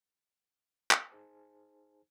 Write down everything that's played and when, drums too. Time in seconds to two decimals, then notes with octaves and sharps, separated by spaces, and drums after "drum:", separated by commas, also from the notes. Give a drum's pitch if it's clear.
0.91 drum: clap
1.10 D#4 G#4 C5 G#5 A5